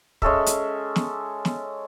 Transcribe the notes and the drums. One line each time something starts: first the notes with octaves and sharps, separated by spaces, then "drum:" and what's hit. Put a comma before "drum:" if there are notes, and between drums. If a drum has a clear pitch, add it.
G#3 C#4 A4 E5, drum: kick
drum: hi-hat
drum: snare
drum: snare